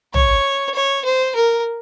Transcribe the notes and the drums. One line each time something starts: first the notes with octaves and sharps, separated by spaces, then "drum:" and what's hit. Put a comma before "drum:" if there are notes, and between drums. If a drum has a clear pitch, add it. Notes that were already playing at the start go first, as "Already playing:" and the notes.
C#5, drum: tom
C#5
C5
A#4